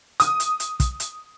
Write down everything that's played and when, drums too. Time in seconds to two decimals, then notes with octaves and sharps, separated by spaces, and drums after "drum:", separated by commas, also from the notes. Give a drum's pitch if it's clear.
0.20 D#6, drum: hi-hat
0.40 drum: hi-hat
0.60 drum: hi-hat
0.80 drum: kick, hi-hat
1.00 drum: hi-hat